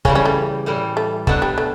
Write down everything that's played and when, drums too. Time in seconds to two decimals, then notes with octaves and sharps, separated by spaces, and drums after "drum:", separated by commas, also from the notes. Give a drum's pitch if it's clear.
0.05 C#3 E3 G3 C#4, drum: kick
0.15 C#4
0.26 A3
0.66 A2 E3 G3
0.97 A3
1.27 B2 F#3 A3 B3 D4, drum: kick
1.42 G3
1.58 A3